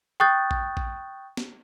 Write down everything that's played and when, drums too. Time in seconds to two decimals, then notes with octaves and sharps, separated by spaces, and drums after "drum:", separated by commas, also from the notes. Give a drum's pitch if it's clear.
0.20 G5 C#6 D#6 F#6 G6 A6
0.51 drum: kick A#1
0.77 drum: kick A#1
1.37 drum: snare